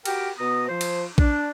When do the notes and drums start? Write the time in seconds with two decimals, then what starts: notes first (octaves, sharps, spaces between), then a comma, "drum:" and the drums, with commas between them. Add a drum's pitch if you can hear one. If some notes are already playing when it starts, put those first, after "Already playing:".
0.05 F#4 G4 A#4 G5, drum: cymbal
0.38 B2 B3 A#5 D#6
0.69 F3 C5
0.81 drum: cymbal
1.18 D4, drum: kick A#1